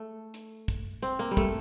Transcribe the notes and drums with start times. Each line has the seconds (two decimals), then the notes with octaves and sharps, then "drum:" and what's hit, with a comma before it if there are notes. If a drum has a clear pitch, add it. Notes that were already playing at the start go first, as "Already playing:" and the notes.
Already playing: A3
0.34 drum: hi-hat
0.68 drum: kick, hi-hat
1.02 C4, drum: hi-hat
1.19 A#3
1.31 G3
1.37 A3, drum: kick, hi-hat